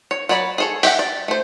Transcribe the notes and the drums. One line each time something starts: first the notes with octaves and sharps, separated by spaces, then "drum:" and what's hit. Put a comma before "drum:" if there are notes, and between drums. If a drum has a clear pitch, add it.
C#5
F#3 C#5 D5 B5
G#4 A4 C#5
G4 E5 F#5, drum: open hi-hat
D5
A3 C5